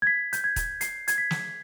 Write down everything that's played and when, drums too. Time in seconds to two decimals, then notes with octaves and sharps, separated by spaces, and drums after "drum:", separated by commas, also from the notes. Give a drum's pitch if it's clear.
0.02 G#6
0.07 B6
0.33 G6, drum: hi-hat
0.44 G#6
0.56 drum: kick E1, hi-hat
0.81 C7, drum: hi-hat
1.08 G#6, drum: hi-hat
1.18 B6
1.31 drum: snare